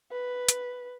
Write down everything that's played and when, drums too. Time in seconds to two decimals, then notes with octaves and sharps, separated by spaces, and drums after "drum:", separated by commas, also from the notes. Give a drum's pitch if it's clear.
0.11 B4
0.49 drum: hi-hat